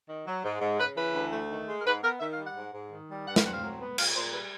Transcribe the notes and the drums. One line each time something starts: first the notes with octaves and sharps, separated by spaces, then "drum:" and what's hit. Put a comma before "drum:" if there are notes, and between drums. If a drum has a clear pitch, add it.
D#3
F#3
G#2
G#2
C#3 B4
E3 B4
D2
A3
D#3
G#3
A#4
G#2 B4
B3 A#4
D#3 E5
F5
G3
F#5
G#2
G#2
D#3
G3
G2 F#5
F5, drum: snare
C4 F#5
F5
F#3
B3
A#2 F5, drum: cymbal
A#2 C5
G3 B4